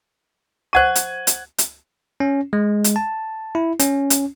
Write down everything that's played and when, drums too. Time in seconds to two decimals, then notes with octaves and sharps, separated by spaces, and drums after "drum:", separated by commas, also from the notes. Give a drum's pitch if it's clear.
0.73 C5 F#5 C#6 F#6 G#6 D#7
0.95 drum: hi-hat
1.27 drum: hi-hat
1.58 drum: hi-hat
2.20 C#4
2.53 G#3
2.84 drum: hi-hat
2.96 A5
3.55 E4
3.79 C#4, drum: hi-hat
4.10 drum: hi-hat